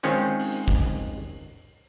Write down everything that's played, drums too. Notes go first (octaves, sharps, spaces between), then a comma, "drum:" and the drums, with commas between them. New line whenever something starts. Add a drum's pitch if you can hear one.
D#3 G#3 C4 C#4 F4 C5, drum: hi-hat
drum: open hi-hat
drum: kick